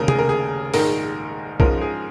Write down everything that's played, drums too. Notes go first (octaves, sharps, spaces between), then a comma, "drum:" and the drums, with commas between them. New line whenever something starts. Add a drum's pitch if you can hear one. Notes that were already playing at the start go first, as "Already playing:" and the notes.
Already playing: F1 D#2 C#3 A#4
G#4, drum: tom C3
A#4
G#4
A#1 G#2 D#3 G#3 A#4, drum: open hi-hat
G#2 F3 G#3 C#4 A#4, drum: kick B1
G#4